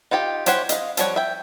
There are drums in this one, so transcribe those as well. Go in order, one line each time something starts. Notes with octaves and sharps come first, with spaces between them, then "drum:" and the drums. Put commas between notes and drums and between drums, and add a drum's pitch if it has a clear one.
D#4 F4 G4 G5
E4 G4 C5 C#5 F#5, drum: hi-hat
D#5 F5, drum: hi-hat
F3 G3 C4 C#5 F#5, drum: hi-hat
E5 G5